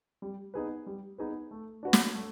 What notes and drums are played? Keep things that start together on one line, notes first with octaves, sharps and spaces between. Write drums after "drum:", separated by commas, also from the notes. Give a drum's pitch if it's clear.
G3
B3 D#4 G#4 B4
G3
B3 D#4 G#4 B4
A3
D4 F#4 B4
drum: snare
A3